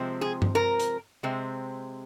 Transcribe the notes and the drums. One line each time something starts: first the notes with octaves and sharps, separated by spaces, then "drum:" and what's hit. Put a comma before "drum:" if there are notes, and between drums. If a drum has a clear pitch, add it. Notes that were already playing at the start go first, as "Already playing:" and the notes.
Already playing: C3 F3 G#3 C4
G#4
drum: tom G2
A#4
drum: hi-hat
C3 G#3 C4